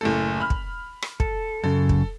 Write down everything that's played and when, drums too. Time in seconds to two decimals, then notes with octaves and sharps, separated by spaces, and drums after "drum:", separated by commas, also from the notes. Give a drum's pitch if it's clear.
0.01 F#1 A2 A4
0.40 B5 F6
0.50 drum: kick
1.02 drum: rim click
1.20 A4, drum: kick
1.64 F#2 C#3 A4
1.89 drum: kick